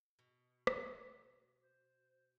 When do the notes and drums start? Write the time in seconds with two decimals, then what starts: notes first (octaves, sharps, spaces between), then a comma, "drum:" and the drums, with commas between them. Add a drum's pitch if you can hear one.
0.19 B2
0.67 drum: rim click
1.62 C5